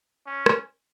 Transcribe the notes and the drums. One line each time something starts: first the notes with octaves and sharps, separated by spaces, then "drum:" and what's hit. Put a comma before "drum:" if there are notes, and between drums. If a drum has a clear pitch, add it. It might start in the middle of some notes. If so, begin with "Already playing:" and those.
C#4
drum: rim click